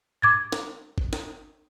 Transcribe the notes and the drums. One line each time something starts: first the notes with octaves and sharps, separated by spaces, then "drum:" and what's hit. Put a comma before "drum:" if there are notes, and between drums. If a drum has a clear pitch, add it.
D6 G#6 A6
drum: snare
drum: kick
drum: snare